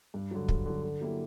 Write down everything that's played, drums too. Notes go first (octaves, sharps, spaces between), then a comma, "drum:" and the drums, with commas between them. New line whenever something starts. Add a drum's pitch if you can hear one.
G2
D3 F#3
G2, drum: kick
D3 F#3
D3
F#3 A#3 E4 G4